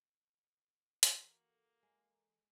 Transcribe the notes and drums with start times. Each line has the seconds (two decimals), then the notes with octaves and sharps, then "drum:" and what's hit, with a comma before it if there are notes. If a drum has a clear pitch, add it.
1.03 E3 A#3 F#4 A4 A#5, drum: hi-hat
1.83 G#3